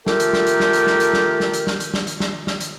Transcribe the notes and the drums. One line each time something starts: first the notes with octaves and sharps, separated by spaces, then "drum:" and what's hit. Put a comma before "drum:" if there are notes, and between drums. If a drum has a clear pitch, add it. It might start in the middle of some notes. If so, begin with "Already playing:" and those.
A3 F4 G4 A4 A#4, drum: snare
drum: hi-hat
drum: snare
drum: hi-hat
drum: snare
drum: hi-hat
drum: snare
drum: hi-hat
drum: snare
drum: snare
drum: hi-hat
drum: snare
drum: hi-hat
drum: snare
drum: hi-hat
drum: snare
drum: snare
drum: hi-hat